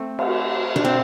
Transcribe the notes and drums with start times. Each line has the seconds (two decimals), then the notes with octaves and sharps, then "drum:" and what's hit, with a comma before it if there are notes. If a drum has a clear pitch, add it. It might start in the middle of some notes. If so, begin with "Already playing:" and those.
Already playing: A3 C4
0.19 drum: cymbal
0.76 D4, drum: tom B2
0.85 C4